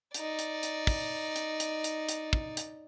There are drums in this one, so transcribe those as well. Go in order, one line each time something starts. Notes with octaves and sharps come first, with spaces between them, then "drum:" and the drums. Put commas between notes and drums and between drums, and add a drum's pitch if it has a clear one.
D#4 D5, drum: hi-hat
drum: hi-hat
drum: hi-hat
drum: kick, open hi-hat
drum: hi-hat
drum: hi-hat
drum: hi-hat
drum: hi-hat
drum: kick
drum: hi-hat